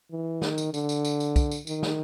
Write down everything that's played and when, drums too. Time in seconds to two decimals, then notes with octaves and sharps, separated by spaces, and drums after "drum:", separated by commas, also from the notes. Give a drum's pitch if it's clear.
0.11 E3
0.42 D#3, drum: snare
0.58 drum: tambourine
0.74 D3, drum: tambourine
0.89 drum: tambourine
1.05 drum: tambourine
1.20 drum: tambourine
1.36 drum: kick, tambourine
1.51 drum: tambourine
1.67 D#3, drum: tambourine
1.83 drum: snare